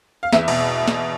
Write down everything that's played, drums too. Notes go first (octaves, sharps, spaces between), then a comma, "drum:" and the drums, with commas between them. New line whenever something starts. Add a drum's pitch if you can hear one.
F5
E2 E5, drum: snare
B2, drum: cymbal
drum: snare